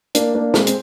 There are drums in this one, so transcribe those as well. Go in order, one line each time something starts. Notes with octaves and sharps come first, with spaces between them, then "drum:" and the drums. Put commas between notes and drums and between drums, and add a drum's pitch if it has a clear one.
A#3 D4, drum: hi-hat
A#3 D4
G#3 C4, drum: snare
C4, drum: hi-hat